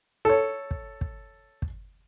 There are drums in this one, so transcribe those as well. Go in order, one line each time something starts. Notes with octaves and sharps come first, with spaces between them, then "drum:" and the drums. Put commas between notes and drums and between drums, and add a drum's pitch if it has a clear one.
A4 C#5
drum: kick
drum: kick
drum: kick